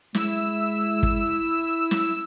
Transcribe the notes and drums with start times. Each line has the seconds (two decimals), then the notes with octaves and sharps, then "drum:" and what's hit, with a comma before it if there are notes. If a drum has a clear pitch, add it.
0.15 G#3 E4 E6, drum: snare
1.03 drum: kick
1.91 drum: snare